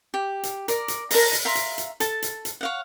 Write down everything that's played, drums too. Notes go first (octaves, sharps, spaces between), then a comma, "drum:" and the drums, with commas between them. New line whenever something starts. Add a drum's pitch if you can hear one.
G4
drum: hi-hat
A#4 D5, drum: hi-hat
drum: hi-hat
A#4 A5 A#5, drum: open hi-hat
drum: hi-hat
E5 F5 A#5 C6
drum: hi-hat
drum: hi-hat
A4 A5, drum: hi-hat
drum: hi-hat
drum: hi-hat
C#5 F5 F#5